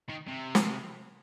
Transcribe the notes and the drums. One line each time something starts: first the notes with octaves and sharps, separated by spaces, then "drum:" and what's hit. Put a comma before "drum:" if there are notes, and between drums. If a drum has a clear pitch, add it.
D#3
C3
drum: snare